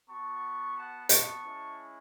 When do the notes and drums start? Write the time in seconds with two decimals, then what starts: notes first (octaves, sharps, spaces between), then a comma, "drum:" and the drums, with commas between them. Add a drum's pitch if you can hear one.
0.08 B3 F#4 A5 C#6
0.77 F#5 A5
1.09 A5 C#6, drum: hi-hat
1.44 G#3 C#4 E4